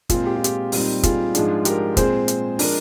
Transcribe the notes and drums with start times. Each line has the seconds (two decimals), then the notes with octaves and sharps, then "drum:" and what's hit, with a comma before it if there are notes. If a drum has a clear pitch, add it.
0.09 A#2 G#3 C4 F4 G#4, drum: kick, hi-hat
0.26 G4
0.36 F4
0.44 G4, drum: hi-hat
0.72 A#2 G3 C4 D#4, drum: open hi-hat
1.03 F4 G#4, drum: kick, hi-hat
1.35 G#2 F3 G#3 D4, drum: hi-hat
1.65 G4 A#4, drum: hi-hat
1.97 A#2 G#3 C4 G#4 C5, drum: kick, hi-hat
2.28 drum: hi-hat
2.59 F3 G#3 D4 A#4 D5, drum: open hi-hat